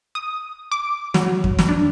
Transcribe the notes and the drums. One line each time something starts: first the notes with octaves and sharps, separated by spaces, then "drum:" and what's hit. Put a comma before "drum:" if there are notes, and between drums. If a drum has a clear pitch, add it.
D#6
D6
F#3, drum: snare
drum: kick F2
drum: snare
D4